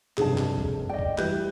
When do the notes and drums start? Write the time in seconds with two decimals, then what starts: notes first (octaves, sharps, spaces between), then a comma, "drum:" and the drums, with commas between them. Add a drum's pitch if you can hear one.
0.17 F1 B1 G2 G#4 A5, drum: clap
0.38 drum: clap
0.58 drum: kick
0.89 D5 D#5 G5
0.99 drum: kick
1.18 E3 G3 B4 G6, drum: clap